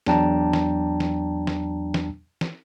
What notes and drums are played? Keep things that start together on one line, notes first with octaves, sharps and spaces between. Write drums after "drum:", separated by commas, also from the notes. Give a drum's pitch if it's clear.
E2 F#3 D4 G5 A5 A#5, drum: snare
drum: snare
drum: snare
drum: snare
drum: snare
drum: snare